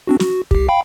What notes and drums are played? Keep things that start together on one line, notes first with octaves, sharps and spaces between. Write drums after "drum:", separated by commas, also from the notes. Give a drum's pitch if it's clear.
C4 D4 F#4
F#4, drum: snare
C2 G4, drum: kick
F5 G5 B5